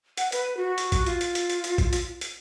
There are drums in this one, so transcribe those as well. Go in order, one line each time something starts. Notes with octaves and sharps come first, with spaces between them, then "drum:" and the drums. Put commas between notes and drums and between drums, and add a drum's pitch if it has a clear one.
F#5, drum: hi-hat
B4, drum: hi-hat
F#4
drum: hi-hat
drum: kick A1, hi-hat
F4, drum: hi-hat
drum: hi-hat
drum: hi-hat
drum: hi-hat
drum: hi-hat
drum: kick A1, hi-hat
drum: hi-hat
drum: hi-hat